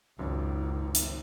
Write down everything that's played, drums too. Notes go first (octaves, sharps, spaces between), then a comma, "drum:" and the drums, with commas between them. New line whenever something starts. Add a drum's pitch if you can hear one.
G#1 C#2 F#2 D#3 D#4
drum: hi-hat